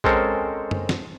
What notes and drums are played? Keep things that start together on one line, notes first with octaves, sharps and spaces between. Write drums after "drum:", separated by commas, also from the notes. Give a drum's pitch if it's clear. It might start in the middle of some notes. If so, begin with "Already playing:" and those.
G#3 C4 C#4 A4 A#4 C5, drum: kick A#1
drum: tom F#2
drum: snare